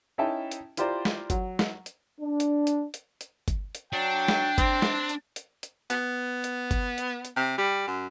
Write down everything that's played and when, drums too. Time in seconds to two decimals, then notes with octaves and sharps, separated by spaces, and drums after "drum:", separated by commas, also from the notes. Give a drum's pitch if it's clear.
0.18 C#4 D#4 E4 E5 G5 A5
0.51 drum: hi-hat
0.77 E4 F4 G4 C5 D5 A#5, drum: hi-hat
1.05 drum: snare
1.30 F#3, drum: kick G1, hi-hat
1.59 drum: snare
1.86 drum: hi-hat
2.20 D4
2.40 drum: hi-hat
2.67 drum: hi-hat
2.94 drum: hi-hat
3.21 drum: hi-hat
3.48 drum: kick G1, hi-hat
3.75 drum: hi-hat
3.93 F#3 D4 G5
4.28 drum: snare
4.58 C4, drum: kick G1, hi-hat
4.82 drum: snare
5.09 drum: hi-hat
5.36 drum: hi-hat
5.63 drum: hi-hat
5.90 B3, drum: hi-hat
6.44 drum: hi-hat
6.71 drum: kick G1, hi-hat
6.98 drum: hi-hat
7.25 drum: hi-hat
7.36 C3
7.58 G3
7.87 F#2